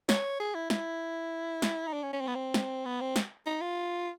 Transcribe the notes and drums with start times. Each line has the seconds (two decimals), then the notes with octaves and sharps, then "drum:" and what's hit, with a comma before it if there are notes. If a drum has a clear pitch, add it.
0.09 C#5, drum: snare
0.40 G#4
0.55 E4
0.70 E4, drum: snare
1.62 drum: snare
1.87 D#4
1.93 D4
2.03 C#4
2.13 C#4
2.21 C4
2.27 B3
2.35 C4
2.54 drum: snare
2.85 B3
3.01 C4
3.16 drum: snare
3.47 D#4
3.61 F4